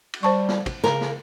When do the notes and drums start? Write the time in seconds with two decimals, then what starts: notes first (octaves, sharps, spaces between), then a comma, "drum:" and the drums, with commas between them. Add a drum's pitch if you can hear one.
0.14 drum: cymbal
0.23 G3 C5 A5 C#6
0.49 drum: snare
0.66 drum: kick, cymbal
0.84 C#3 A#4, drum: snare
1.01 drum: snare